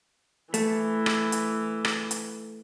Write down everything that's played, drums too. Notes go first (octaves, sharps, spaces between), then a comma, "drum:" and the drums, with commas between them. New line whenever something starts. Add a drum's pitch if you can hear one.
E3 A3, drum: hi-hat
drum: rim click
drum: hi-hat
drum: rim click
drum: hi-hat